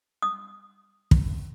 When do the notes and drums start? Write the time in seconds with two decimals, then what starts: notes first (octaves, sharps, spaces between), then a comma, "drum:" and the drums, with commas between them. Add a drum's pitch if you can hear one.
0.22 D#6
1.11 drum: kick